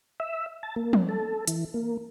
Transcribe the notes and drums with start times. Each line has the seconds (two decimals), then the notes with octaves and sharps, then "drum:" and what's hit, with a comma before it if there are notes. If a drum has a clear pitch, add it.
0.20 E5
0.63 A5
0.76 A#3
0.93 drum: tom
1.09 A4
1.47 E3, drum: hi-hat
1.74 A#3